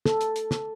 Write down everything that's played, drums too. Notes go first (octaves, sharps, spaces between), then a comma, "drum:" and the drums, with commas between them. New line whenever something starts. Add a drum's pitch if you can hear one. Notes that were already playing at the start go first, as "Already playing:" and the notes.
A4, drum: snare
drum: hi-hat
drum: hi-hat
drum: snare